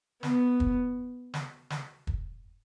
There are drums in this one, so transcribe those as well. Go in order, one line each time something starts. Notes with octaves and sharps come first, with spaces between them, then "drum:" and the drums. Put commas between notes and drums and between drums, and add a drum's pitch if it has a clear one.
B3, drum: snare
drum: kick
drum: snare
drum: snare
drum: kick